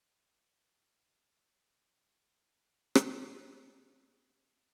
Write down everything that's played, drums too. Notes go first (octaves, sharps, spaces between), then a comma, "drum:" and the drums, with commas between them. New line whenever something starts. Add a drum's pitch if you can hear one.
B2 B3 D4
D3 G3 B3
drum: rim click